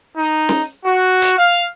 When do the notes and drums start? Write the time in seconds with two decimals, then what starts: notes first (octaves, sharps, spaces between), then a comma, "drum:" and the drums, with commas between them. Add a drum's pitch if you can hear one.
0.17 D#4
0.49 drum: snare
0.85 F#4
1.22 drum: hi-hat
1.39 F5